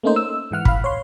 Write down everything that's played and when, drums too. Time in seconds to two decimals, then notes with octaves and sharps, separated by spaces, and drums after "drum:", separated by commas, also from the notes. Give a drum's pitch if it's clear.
0.03 A3 A#3 C#4 D#4 C5
0.16 E6
0.51 G#2 E3 F#5 F6
0.65 F5 B5, drum: kick
0.84 C#5 C6